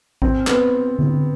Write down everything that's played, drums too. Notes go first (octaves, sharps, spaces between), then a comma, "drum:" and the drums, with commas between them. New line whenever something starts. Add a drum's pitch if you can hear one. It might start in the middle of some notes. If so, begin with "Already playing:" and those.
C4, drum: kick A1
B3, drum: clap
drum: tom D3